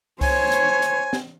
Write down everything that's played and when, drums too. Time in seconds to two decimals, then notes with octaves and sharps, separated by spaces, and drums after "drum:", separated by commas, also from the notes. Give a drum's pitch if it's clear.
0.21 C5 C#5 G#5, drum: kick C2, open hi-hat
0.52 drum: hi-hat
0.82 drum: hi-hat
1.13 drum: snare